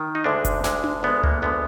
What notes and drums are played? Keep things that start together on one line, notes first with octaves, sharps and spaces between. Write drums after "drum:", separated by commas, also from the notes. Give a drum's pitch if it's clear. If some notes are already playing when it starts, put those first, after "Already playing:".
Already playing: D#3
D#4
D2 D3 G#3 D4
drum: kick F#1, hi-hat
D2 D3 G#3, drum: snare
drum: tom D4
D2 D3 G#3 B3
A#3, drum: tom C#2
D2 D3 G#3 B3